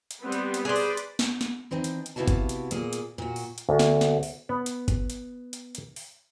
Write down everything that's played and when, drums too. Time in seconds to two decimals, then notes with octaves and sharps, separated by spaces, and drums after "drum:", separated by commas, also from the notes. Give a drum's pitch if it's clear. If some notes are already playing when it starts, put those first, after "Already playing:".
0.11 drum: hi-hat
0.22 G3 B3 C4
0.32 drum: hi-hat
0.54 drum: hi-hat
0.65 G#4 B4 C5 D5
0.76 drum: open hi-hat
0.97 drum: hi-hat
1.19 drum: snare
1.41 drum: snare
1.71 E3 C4 D4 D#4
1.84 drum: hi-hat
2.06 drum: hi-hat
2.16 C3 B3 E4 F#4 F5 A5
2.28 drum: kick G1, hi-hat
2.49 drum: hi-hat
2.71 A#2 A#3 G#4, drum: hi-hat
2.93 drum: hi-hat
3.18 A#2 F#4
3.36 drum: open hi-hat
3.58 drum: hi-hat
3.69 D2
3.79 drum: snare
4.01 drum: snare
4.23 drum: open hi-hat
4.49 B3
4.66 drum: hi-hat
4.88 drum: kick G1, hi-hat
5.10 drum: hi-hat
5.53 drum: hi-hat
5.75 drum: hi-hat
5.96 drum: open hi-hat